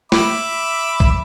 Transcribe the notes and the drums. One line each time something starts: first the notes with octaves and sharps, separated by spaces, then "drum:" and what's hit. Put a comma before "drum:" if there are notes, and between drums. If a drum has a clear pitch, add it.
E5 B5 D6, drum: snare
drum: kick A#1